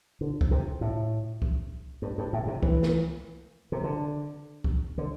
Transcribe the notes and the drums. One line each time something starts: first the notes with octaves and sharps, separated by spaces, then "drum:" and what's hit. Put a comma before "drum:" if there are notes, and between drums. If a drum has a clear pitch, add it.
D3
drum: kick C2
C3
A2
drum: kick C2
G2
G2
A2
C3
E3, drum: kick C2
drum: snare
C3
D3
drum: kick C2
D3